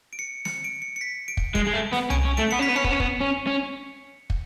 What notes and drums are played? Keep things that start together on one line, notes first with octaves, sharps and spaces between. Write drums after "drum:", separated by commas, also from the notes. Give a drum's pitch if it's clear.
D7
C#7
C#7, drum: snare
D7
C#7
C#7
B6
D7
drum: kick
G#3 D7, drum: kick
G#3
A3
B3, drum: snare
C#4 D7, drum: tom C2
C#4
A3 D7
B3 C#7
C#4 B6
B3
C#4 C#7
B3, drum: kick
C#4
B3, drum: kick
C#4
C#4
drum: kick